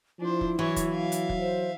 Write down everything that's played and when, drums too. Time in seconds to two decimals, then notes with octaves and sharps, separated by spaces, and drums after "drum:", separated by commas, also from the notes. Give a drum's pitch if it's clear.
0.20 F3 D4 E4 C5
0.41 drum: kick
0.59 E3 F#3 C#5 E5
0.76 drum: kick, hi-hat
0.90 E5 F5
1.12 drum: hi-hat
1.29 drum: kick
1.40 C5